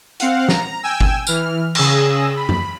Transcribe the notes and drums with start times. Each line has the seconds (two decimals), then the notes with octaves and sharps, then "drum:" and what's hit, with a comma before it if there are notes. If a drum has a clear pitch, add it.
0.20 C4 F5 F#5, drum: hi-hat
0.49 A#5, drum: snare
0.83 G5 G#5 E6
1.01 drum: kick G1
1.27 E3 F6, drum: tambourine
1.75 C#3 G#4 D#6 E6 A#6, drum: cymbal
2.37 B5
2.49 drum: tom